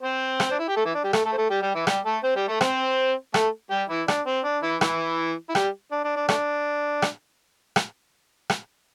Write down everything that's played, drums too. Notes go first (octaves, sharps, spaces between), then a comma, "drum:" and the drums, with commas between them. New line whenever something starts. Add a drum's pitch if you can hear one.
C4 C5
drum: rim click
D4
E4
G4
A3 A4
E3 E4
D4
G3 G4
A3 A4, drum: rim click
A3 A4
C5
A3 A4
G3 G4
G3 G4
E3 E4
G3 G4, drum: rim click
A3 A4
C4 C5
G3 G4
A3 A4
C4 C5, drum: rim click
A3 A4, drum: rim click
G3 G4
E3 E4
D4, drum: rim click
C4
D4
E3 E4
E3 E4, drum: rim click
E4
G3 G4, drum: rim click
D4
D4
D4
A3 D4, drum: rim click
drum: rim click
drum: rim click
drum: rim click